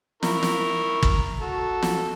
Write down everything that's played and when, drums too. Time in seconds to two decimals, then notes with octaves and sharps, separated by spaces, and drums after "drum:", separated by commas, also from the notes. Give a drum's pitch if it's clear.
0.23 E4 A#4 C#6, drum: snare
0.43 drum: snare
1.03 drum: kick
1.41 F#4 A4
1.82 drum: snare